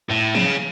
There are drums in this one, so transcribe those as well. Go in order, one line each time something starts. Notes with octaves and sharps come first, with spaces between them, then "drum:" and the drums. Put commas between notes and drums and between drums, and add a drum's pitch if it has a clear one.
A2
C#3, drum: tom E3